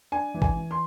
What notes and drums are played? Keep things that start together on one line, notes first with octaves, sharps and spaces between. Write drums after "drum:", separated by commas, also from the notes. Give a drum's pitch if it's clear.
D4 G#5
E3
G#5, drum: kick G#1
E3
C6